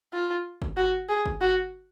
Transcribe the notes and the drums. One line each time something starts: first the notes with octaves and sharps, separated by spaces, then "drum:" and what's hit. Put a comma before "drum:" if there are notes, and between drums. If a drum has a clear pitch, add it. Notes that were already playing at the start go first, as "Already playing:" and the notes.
F4
drum: kick
F#4
G#4
drum: kick
F#4